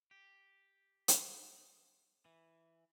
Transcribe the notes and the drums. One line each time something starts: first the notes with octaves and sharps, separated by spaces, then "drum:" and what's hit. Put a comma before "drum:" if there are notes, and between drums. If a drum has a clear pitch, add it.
G4
drum: hi-hat
E3